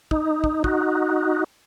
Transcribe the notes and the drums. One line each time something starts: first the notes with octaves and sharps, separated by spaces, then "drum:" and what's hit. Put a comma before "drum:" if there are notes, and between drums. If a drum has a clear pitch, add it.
D#4, drum: kick
drum: kick
D#4 F#4, drum: kick